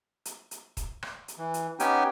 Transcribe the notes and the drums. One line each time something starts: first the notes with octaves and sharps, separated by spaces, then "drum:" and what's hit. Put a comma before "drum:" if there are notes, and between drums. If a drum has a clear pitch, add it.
drum: hi-hat
drum: hi-hat
drum: kick D#1, hi-hat
drum: rim click
drum: hi-hat
E3
drum: hi-hat
B3 C#4 D#4 G4 G5 G#5, drum: hi-hat